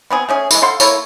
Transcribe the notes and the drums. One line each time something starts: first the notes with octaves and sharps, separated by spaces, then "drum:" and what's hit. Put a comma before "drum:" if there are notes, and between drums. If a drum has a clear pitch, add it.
B3 C4 G#4
A3 C#4 G#4
E3 G#3, drum: tambourine
A4 F5 F#5 C6
A#3 E4 A4 C#5, drum: tambourine